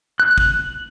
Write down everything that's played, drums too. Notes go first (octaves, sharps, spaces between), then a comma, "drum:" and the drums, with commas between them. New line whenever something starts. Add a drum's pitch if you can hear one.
F#6
drum: kick